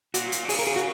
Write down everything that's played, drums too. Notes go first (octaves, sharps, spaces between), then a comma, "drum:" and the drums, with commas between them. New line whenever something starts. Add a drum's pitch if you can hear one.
A#2 F#4, drum: hi-hat
drum: hi-hat
B2
C#3 G#4, drum: open hi-hat
A#4
G#4
F#4